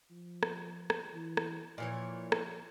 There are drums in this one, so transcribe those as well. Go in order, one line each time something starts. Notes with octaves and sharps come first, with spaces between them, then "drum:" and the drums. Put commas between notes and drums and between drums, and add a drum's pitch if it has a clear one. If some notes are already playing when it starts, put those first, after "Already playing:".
F3
drum: rim click
drum: rim click
E3
drum: rim click
A#2 E3 F3 C#5
drum: rim click